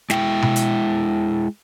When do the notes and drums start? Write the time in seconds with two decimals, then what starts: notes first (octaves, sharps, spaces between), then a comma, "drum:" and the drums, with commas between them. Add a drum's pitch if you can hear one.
0.10 G#3 E4 G5, drum: snare
0.42 drum: tom B2
0.56 drum: hi-hat